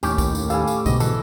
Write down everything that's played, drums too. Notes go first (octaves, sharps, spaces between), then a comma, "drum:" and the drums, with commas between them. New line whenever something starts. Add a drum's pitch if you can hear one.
D#2 A2 C#4 G4, drum: tambourine
drum: kick, tambourine
drum: tambourine
G3 A4 F5 G#5, drum: tambourine
drum: tambourine
G#2 B2 D3 D#5, drum: kick, tambourine
E3 A4, drum: tambourine